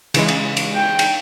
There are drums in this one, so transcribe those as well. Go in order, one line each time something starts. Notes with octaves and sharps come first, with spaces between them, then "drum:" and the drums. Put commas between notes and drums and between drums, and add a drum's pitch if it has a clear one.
C#3 E3 G#3, drum: cymbal
drum: cymbal
drum: cymbal
G5
drum: cymbal